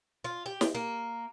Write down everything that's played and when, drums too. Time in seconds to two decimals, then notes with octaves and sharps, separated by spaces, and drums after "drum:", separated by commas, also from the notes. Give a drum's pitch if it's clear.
0.24 F4
0.46 G4
0.61 drum: snare
0.75 A#3